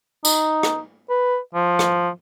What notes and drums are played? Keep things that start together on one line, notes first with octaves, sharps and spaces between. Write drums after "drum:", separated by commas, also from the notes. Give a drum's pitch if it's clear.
D#4, drum: tambourine
drum: rim click
B4
F3
drum: rim click